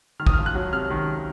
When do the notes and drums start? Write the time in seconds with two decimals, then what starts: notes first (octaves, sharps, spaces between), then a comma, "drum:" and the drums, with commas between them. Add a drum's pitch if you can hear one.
0.20 D#3 F6
0.27 D#6, drum: kick A1
0.33 F6
0.38 C#2
0.46 F#6
0.55 F#3
0.73 C3 F6
0.90 D#3